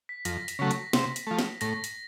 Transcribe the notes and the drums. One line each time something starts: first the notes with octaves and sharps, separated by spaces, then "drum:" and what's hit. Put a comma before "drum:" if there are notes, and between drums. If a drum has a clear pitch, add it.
B6
F2 A#6, drum: hi-hat
drum: hi-hat
C#3 F#3 A3 B6
drum: hi-hat
C3, drum: snare
drum: hi-hat
F3 A3
drum: snare
A2 A#6, drum: hi-hat
drum: hi-hat